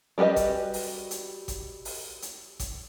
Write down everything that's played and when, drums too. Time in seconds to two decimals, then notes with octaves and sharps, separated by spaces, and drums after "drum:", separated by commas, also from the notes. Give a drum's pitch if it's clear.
0.18 G3 F#4 G4 B4 D#5
0.36 drum: kick G#1, hi-hat
0.74 drum: open hi-hat
1.11 drum: hi-hat
1.48 drum: kick G#1, hi-hat
1.85 drum: open hi-hat
2.22 drum: hi-hat
2.60 drum: kick G#1, hi-hat